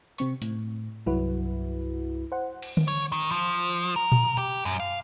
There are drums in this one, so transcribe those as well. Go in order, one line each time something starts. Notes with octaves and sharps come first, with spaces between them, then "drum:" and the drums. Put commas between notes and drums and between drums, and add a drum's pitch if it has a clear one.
C3 C4 C#6, drum: hi-hat
A2, drum: hi-hat
C2 G2 F#3 E4 F#4 B4
C5 F#5
drum: cymbal
drum: tom D3
C#5
D#3
F3
A#4
drum: tom A#2
G4
F#2
F5